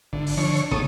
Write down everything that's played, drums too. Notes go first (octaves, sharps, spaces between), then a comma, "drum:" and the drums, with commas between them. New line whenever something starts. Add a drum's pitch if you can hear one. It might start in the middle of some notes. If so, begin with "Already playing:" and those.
G#1 D3
drum: open hi-hat
D3 F3 C#5
drum: hi-hat
G#1 A4 C#5 D#6, drum: tom